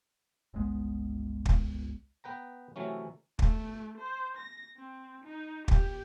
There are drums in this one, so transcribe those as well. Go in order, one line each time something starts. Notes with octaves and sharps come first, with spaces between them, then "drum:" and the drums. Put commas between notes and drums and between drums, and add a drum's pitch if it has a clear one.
G1 C#2 G#3 B3
drum: kick
B3 B4 G5 A#5
C3 E3 F#3 A3 C#4
A3, drum: kick
C5
A#6
C4
D#4
G4, drum: kick